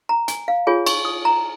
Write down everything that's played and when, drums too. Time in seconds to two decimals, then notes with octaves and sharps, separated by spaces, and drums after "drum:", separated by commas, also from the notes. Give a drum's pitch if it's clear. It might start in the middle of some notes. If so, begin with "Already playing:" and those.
0.09 A#5
0.28 G#5, drum: hi-hat
0.48 F5
0.67 F4 G#4 C#5 G#5
0.87 C#6, drum: cymbal
1.05 D#6
1.25 A#5